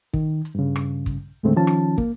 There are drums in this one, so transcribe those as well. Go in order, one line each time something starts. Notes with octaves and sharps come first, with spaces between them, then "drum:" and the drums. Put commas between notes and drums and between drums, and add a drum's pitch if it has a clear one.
D#3, drum: kick
drum: hi-hat
G2 C#3
drum: rim click
drum: kick, hi-hat
D#2 A2 D3 G#3 A3 C4
D#3 F3 C#4 A5
drum: rim click
A#3, drum: kick